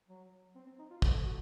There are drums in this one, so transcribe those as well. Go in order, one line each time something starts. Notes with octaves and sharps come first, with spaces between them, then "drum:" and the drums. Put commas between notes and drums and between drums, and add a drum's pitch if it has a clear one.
F#3
C4
C4
D#4
F4
A4, drum: kick
A4
F#4